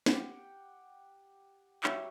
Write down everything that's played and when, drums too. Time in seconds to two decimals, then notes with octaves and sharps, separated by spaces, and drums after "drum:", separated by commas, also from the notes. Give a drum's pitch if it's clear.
0.06 G4 F#5 G5, drum: snare
1.83 F#3 G4 E5, drum: clap